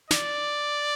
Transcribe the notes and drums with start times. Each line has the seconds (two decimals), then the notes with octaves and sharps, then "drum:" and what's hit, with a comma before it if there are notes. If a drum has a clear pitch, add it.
0.11 D5, drum: snare